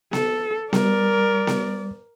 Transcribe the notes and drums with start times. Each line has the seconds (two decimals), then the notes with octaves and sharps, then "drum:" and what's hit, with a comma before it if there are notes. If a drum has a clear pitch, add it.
0.13 A4, drum: snare B3
0.73 G3 A#4 D5, drum: snare B3
1.47 drum: snare B3